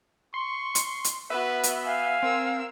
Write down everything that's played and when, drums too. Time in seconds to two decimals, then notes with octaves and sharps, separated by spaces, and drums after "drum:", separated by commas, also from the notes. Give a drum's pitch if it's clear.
0.34 C6 C#6
0.75 drum: hi-hat
1.04 drum: hi-hat
1.30 B3 F#4 B4 E5
1.63 drum: hi-hat
1.86 F5 G#5
2.22 C4 A#4 E6